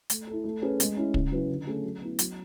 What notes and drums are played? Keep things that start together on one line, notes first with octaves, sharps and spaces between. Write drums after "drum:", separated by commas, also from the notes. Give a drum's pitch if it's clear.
A3, drum: hi-hat
E4 A4
A3
C#4 G#4 B4
G#3, drum: hi-hat
C#4 E4
C#3, drum: kick
F#3 C#4 E4 B4
D3
A3 C#4 G#4
F#3
B3 E4
F#3, drum: hi-hat